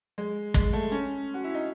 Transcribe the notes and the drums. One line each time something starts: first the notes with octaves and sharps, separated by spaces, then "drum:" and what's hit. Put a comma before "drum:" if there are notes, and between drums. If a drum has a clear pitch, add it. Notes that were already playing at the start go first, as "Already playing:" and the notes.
G#3
G#3, drum: kick
A3
C#4
F#4
E4
D#4